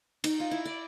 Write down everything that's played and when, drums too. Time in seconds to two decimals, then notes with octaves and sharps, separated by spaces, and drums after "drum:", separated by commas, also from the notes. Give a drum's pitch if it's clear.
0.24 D#4, drum: cymbal
0.40 F4
0.51 E4
0.65 D5